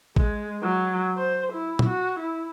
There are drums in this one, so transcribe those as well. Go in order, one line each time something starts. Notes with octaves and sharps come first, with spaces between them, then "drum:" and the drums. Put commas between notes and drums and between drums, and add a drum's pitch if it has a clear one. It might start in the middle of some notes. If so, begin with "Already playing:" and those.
G#3, drum: kick A1
F#3
C5
E4
drum: tom A#2
F#4
E4